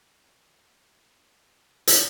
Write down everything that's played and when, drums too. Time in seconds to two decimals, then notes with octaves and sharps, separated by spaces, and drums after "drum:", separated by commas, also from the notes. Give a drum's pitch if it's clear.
0.25 D#3 G3 B3
0.57 A#3 D4
0.95 C#4
1.15 F2 C#5 E5 F#5
1.87 drum: hi-hat